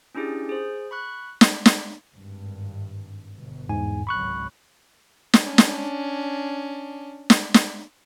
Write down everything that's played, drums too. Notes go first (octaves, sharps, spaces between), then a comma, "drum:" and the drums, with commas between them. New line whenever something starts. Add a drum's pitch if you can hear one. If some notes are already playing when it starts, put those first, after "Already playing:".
C#4 D4 E4 G4 G#4
G#4 C5
B5 C#6 F#6
drum: snare
drum: snare
G#1 G2
G1 B2
E2 G#2 G#5
G#1 C#2 F#3 B5 C#6 F#6
drum: snare
C#4 D4
drum: snare
drum: snare
drum: snare